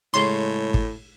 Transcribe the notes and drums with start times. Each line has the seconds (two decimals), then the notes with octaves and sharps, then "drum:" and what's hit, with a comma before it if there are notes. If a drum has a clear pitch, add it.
0.14 A2 C#3 G#3 C#5 C6
0.74 drum: kick G#1